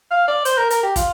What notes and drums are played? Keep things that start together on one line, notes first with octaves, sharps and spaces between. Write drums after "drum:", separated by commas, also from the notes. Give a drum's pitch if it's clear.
F5
D5
C5, drum: hi-hat
A#4
A#4, drum: hi-hat
G4
F4, drum: kick, hi-hat